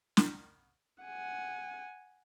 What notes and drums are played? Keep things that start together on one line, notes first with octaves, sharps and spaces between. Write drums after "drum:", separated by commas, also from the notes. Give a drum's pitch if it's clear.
drum: snare
F#5 G#5